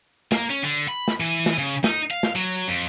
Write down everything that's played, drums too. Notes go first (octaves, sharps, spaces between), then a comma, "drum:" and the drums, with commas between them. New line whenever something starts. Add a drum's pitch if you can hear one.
A#3, drum: snare
C#4
D3
B5
drum: snare
E3
drum: snare
C#3
D#4, drum: snare
F5
drum: snare
F#3
F2